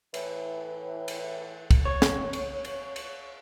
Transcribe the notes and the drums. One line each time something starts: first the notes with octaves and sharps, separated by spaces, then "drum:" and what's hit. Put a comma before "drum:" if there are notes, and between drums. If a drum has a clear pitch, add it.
A2 E3, drum: cymbal
drum: cymbal
drum: kick, cymbal
C#5
drum: snare
drum: cymbal
drum: cymbal
drum: cymbal